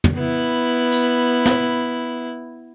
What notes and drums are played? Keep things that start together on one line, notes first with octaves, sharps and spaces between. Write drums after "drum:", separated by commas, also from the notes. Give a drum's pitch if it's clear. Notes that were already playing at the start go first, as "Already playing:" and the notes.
drum: tom
B3 E4
drum: tambourine
drum: snare